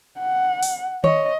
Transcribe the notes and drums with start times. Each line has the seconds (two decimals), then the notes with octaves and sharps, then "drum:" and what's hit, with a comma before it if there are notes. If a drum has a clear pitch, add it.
0.20 F#5
0.63 drum: open hi-hat
1.04 C#5 D#5, drum: tom D#3